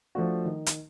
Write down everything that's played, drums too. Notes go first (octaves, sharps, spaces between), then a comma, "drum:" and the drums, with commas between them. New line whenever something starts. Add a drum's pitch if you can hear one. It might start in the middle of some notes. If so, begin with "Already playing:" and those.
F3 A3 D4 F#4
D#3
drum: hi-hat